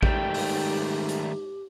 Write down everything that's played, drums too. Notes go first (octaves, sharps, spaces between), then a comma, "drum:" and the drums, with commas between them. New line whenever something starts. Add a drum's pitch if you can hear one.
G#2 D#3 G3 A3 G4 G5, drum: kick A1
drum: open hi-hat
drum: hi-hat